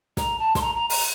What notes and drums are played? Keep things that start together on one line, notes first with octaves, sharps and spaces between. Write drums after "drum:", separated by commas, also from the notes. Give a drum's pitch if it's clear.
A#5, drum: snare
A5
C6, drum: snare
A#5
A#5
A#5, drum: open hi-hat